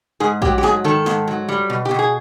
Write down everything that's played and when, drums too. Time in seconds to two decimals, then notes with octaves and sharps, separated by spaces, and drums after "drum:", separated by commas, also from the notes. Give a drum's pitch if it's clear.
0.20 G#2 G#4
0.42 F#3 G4, drum: kick
0.58 G4
0.63 G#2 G#4, drum: snare
0.84 D#3 A4
1.06 G#2, drum: snare
1.28 F#3
1.49 G3
1.70 B2
1.85 G4
1.91 B2
1.99 G#4